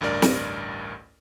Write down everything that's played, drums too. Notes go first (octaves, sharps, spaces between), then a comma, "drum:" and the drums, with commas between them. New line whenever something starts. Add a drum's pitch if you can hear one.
A1 D2 G2 A#4 D5
drum: snare